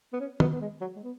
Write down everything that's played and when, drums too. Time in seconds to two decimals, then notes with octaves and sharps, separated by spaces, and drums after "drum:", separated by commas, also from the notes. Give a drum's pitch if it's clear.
0.13 B3
0.20 C#4
0.40 B3, drum: tom
0.52 B3
0.61 G#3
0.81 F#3
0.96 G#3
1.04 B3